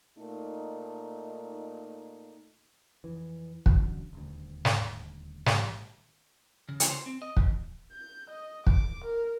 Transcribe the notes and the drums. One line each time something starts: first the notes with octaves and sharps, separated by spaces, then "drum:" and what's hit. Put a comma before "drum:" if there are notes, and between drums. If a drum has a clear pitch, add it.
A#2 A3 D#4
F2 E3
A1 D3 F#3, drum: kick
D#1 D2
drum: snare
A1 G3, drum: snare
C#3
drum: hi-hat
C5
C4
D#5
E2, drum: kick
G6
D#5
D6, drum: kick
A#4